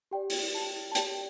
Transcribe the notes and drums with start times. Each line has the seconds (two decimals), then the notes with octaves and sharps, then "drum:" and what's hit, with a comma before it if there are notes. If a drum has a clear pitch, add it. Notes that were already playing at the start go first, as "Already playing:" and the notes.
0.11 G4 D5 G5
0.30 drum: open hi-hat
0.54 A5
0.91 A5
0.95 G4 D5 G5, drum: hi-hat